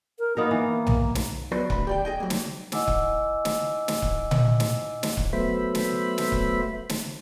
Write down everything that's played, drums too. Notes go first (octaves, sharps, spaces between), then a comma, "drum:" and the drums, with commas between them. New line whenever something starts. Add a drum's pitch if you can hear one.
A#4
A#3 B3 D#4 A#4
E3
drum: tom B1
drum: snare
F#3 B3 F#4 B4 C5 D5
D2 B5, drum: kick C#1
G4 D5 G5
G#4 D#5 G5
F#3 A#3
drum: snare
E4 D#5 F#5 G#5 D6 E6, drum: snare
drum: kick C#1
drum: snare
drum: snare
drum: kick C#1
drum: tom A#2
drum: snare
drum: snare
drum: kick C#1
F#3 A3 B3 C5 E5 B5
drum: snare
drum: snare
drum: kick C#1
drum: snare